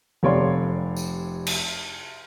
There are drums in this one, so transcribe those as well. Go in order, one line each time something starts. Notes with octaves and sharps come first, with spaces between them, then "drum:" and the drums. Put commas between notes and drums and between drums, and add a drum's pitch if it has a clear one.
F1 C3 C#5 D5 F5 C6
drum: tambourine
drum: cymbal